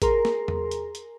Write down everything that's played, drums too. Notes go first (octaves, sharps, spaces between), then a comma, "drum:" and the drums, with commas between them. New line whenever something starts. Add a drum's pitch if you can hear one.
G#4 A#4 A#5 C6, drum: kick, hi-hat
drum: snare
drum: tom E2
drum: hi-hat
drum: hi-hat